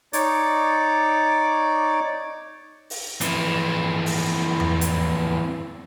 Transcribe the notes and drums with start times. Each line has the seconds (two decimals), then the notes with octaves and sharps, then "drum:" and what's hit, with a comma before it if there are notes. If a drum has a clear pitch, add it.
0.13 D#4 C#5 D5 D6, drum: hi-hat
2.90 drum: open hi-hat
3.21 F2 E3, drum: hi-hat
4.06 drum: open hi-hat
4.60 drum: tom E2
4.81 drum: hi-hat